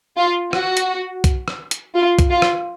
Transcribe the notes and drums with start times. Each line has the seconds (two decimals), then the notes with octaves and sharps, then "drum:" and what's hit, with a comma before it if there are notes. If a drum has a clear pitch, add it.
0.17 F4
0.53 F#4, drum: rim click
0.77 drum: hi-hat
1.24 drum: kick B1, hi-hat
1.48 drum: rim click
1.71 drum: hi-hat
1.95 F4
2.19 drum: kick B1, hi-hat
2.30 F4
2.42 drum: rim click